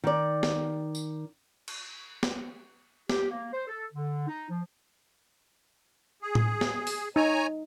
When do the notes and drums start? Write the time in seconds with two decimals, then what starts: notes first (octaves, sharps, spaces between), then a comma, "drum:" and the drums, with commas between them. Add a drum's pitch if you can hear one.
0.04 D#3 D5
0.43 drum: snare
0.95 drum: tambourine
1.68 drum: cymbal
2.23 drum: snare
3.09 G4, drum: snare
3.30 A#3
3.54 C5
3.68 A4
3.93 D3
4.28 D#4
4.50 F3
6.22 G#4
6.35 drum: tom A2
6.61 drum: snare
6.87 drum: open hi-hat
7.16 D#4 C#5 G#5 A#5